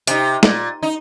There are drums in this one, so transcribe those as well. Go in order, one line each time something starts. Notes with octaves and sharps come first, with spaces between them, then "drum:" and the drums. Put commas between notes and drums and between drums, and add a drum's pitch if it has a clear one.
C3 D#4, drum: hi-hat
A#2, drum: snare
D#4